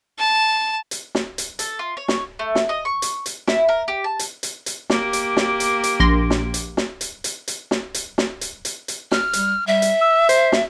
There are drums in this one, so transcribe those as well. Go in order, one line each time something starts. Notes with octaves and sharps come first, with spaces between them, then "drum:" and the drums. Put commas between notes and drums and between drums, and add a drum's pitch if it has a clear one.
A5
drum: hi-hat
drum: snare
drum: hi-hat
A4, drum: hi-hat
F4
C#5
drum: snare
A3
drum: snare
D#5
C#6
drum: hi-hat
drum: hi-hat
E4, drum: snare
A#4
G4
A5
drum: hi-hat
drum: hi-hat
drum: hi-hat
A#3 G4, drum: snare
drum: hi-hat
drum: snare
drum: hi-hat
drum: hi-hat
A#1 C6 A#6
drum: snare
drum: hi-hat
drum: snare
drum: hi-hat
drum: hi-hat
drum: hi-hat
drum: snare
drum: hi-hat
drum: snare
drum: hi-hat
drum: hi-hat
drum: hi-hat
F6, drum: snare
G3, drum: hi-hat
G3 E5
drum: hi-hat
E6
C5, drum: hi-hat
drum: snare